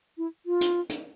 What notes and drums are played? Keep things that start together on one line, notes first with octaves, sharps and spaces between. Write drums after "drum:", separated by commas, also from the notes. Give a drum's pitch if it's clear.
E4
F4
drum: hi-hat
drum: hi-hat